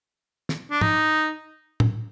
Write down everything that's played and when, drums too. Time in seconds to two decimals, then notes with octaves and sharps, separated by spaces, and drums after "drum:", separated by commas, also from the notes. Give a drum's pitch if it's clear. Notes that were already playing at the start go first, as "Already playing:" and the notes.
0.49 drum: snare
0.71 D4
0.81 D#4, drum: tom
1.80 drum: tom A2